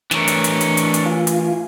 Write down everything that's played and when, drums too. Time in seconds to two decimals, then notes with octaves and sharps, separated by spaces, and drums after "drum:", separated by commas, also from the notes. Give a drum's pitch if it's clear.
0.11 E3 A3 D4 A#4 C#5, drum: snare
0.28 drum: hi-hat
0.44 drum: hi-hat
0.61 drum: hi-hat
0.77 drum: hi-hat
0.94 drum: hi-hat
1.06 F4 F5 G#5
1.27 drum: hi-hat